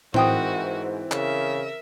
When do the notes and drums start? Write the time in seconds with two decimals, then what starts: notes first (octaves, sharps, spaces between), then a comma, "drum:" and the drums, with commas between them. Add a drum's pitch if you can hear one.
0.14 G#2 E3 C4 F#4 A#4 C5 G5 D#6, drum: tom A2
1.11 C#3 A#4 E5, drum: clap